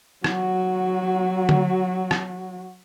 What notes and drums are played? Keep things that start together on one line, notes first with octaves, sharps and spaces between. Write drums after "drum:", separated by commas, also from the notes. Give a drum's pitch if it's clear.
F#3 F#4, drum: rim click
drum: tom D3
drum: rim click